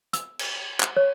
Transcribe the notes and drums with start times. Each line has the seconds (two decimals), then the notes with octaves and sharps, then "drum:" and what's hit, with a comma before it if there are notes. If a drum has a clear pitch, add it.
0.13 E6, drum: hi-hat
0.39 drum: cymbal
0.81 drum: clap
0.97 C#5